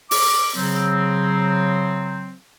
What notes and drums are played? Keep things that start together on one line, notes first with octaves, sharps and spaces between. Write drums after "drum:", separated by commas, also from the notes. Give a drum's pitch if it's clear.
D6, drum: open hi-hat
C#3 F#3 C4